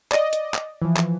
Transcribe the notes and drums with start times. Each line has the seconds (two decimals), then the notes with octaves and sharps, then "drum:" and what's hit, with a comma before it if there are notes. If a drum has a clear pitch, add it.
0.12 D5 D#5, drum: clap
0.33 drum: hi-hat
0.54 drum: clap
0.82 E3 F3
0.96 drum: clap